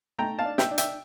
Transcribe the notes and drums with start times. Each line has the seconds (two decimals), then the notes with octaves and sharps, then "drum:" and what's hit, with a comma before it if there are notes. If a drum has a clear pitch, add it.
0.19 A3 G5 A#5
0.39 F5 A5
0.45 D4
0.58 E5 G5, drum: snare
0.71 D4
0.78 E5 G5, drum: hi-hat